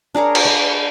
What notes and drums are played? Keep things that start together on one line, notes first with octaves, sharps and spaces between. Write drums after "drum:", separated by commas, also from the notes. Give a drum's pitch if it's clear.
D4 G#4 A#4 C#5
drum: cymbal
G#4 B5